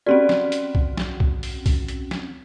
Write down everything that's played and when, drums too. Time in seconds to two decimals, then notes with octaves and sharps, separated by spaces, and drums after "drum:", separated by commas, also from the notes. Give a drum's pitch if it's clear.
0.06 C4 C#4 F#4 G4 D5
0.29 drum: snare
0.52 drum: hi-hat
0.75 drum: kick C2
0.97 drum: snare
1.20 drum: kick C2
1.43 drum: open hi-hat
1.66 drum: kick C2, open hi-hat
1.88 drum: hi-hat
2.11 drum: snare